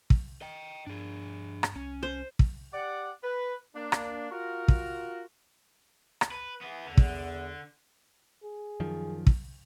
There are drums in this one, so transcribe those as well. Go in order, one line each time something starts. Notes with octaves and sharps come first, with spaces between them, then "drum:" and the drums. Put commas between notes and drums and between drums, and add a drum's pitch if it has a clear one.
drum: kick
D#5 G5
G2 D4 G#4
drum: rim click
C2 C#4
C5
drum: kick
G4 D5 F#5
B4
A#3 D4
drum: rim click
F4 F#4 A#4
drum: kick
drum: rim click
B4
E3 B3
E2 D3
drum: kick
G#4
F#2 D#3 F3
drum: kick